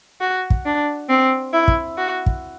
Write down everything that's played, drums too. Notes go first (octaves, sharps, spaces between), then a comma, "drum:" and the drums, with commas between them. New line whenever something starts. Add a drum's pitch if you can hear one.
F#4
drum: kick
D4
C4
E4
drum: kick
F#4
drum: kick